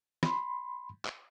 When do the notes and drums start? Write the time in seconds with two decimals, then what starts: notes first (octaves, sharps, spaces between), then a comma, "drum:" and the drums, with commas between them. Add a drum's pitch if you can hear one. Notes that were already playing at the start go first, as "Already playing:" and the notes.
0.23 B5 C6, drum: snare
1.05 drum: clap